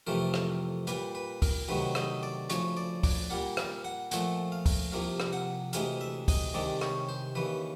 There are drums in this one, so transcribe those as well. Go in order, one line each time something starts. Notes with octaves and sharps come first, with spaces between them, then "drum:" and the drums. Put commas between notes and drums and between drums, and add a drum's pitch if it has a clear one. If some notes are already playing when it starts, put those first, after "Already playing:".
F2 C3 E3 A3 A#4
drum: rim click
A#2 G3 A#3 B4, drum: hi-hat
B4
A#4, drum: kick, open hi-hat
D2 C3 D#3 F#3 B4
D#5, drum: rim click
D5
D2 C#3 F3 C#5, drum: hi-hat
D5
D5, drum: kick, open hi-hat
A#2 G3 A#3 F#5
F5, drum: rim click
F#5
A#2 F3 A3 F#5, drum: hi-hat
F5
drum: kick, open hi-hat
C2 C3 F3 A#3 F5
drum: rim click
F#5
D2 C3 E3 G#3 F5, drum: hi-hat
E5
D#5, drum: kick, open hi-hat
C2 C3 D#3 G#3 D5
C#5, drum: rim click
C5
D#2 C#3 E3 B4